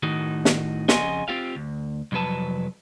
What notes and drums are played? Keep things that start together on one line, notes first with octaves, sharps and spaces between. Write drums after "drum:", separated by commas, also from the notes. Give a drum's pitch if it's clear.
A2 D#3 D#4 F#4
drum: snare
F2 C#3 D#5 F#5 G#5 C6, drum: snare
C4 F4 G4 F5
D2
C2 F2 F#3 B4 A5